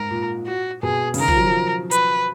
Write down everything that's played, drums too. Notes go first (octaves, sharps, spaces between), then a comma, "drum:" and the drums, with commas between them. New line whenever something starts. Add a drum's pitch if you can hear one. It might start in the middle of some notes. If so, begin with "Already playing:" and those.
Already playing: G#2 A#4
A#2
F#4
B2 G#4
C#3, drum: open hi-hat
D#3 A#4
F3, drum: kick
F#3
F3
B4, drum: hi-hat